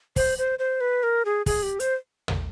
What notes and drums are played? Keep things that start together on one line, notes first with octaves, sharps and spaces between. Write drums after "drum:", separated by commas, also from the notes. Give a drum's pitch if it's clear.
C5, drum: kick, open hi-hat
C5
C5
B4
A#4
G#4
G#4, drum: kick, open hi-hat
G4
C5, drum: hi-hat
drum: tom